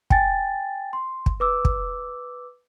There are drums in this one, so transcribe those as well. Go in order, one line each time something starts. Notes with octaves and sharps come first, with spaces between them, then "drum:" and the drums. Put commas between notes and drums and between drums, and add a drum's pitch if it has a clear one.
G5 G#5 A6, drum: kick
C6
drum: kick
B4 D6 E6
drum: kick